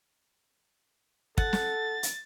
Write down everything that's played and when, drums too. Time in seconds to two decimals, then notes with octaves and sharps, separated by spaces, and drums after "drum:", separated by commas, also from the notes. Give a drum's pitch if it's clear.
1.38 A4 F#5 A6, drum: kick
1.53 drum: snare
2.03 drum: hi-hat